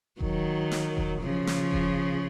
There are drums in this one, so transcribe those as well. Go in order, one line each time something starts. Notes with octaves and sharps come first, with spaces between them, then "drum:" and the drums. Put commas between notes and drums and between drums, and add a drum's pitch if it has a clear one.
D#3 F#3, drum: kick E1
drum: snare
drum: kick E1
C#3 F3
drum: snare
drum: kick E1